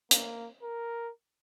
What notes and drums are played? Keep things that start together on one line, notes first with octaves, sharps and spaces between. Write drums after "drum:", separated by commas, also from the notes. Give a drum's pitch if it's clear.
A#3, drum: hi-hat
A#4